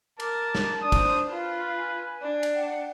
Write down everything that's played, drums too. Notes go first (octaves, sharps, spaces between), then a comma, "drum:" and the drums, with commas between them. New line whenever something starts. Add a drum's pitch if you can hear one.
A#4 A5 D6, drum: cymbal
drum: snare
D4 C5 A5 D#6
drum: kick, cymbal
F4 B4
G#5
D4
drum: cymbal
F#5 G5